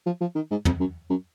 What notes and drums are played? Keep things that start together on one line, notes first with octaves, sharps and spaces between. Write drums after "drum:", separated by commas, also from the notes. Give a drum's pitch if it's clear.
F3
F3
D#3
G#2
F2, drum: tom
F#2
F#2